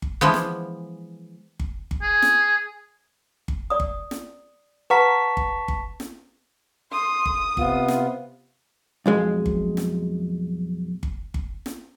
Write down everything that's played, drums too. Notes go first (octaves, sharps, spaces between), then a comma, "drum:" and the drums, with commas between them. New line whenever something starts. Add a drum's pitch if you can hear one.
drum: kick G1
E3 F3 G#3 B3
drum: snare
drum: kick G1
drum: kick G1
G#4
drum: snare
drum: kick G1
D5 D#6
drum: kick G1
drum: snare
B4 F#5 A5 A#5 C#6 B6
drum: kick G1
drum: kick G1
drum: snare
C6 D#6
drum: kick G1
C3 B3 F4, drum: kick G1
drum: snare
B1 F2 G#3
drum: kick G1
drum: snare
drum: kick G1
drum: kick G1
drum: snare